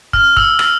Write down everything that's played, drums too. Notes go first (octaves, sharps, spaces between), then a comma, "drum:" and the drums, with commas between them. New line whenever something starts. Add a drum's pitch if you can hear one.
F6, drum: kick
E6, drum: kick
F6, drum: rim click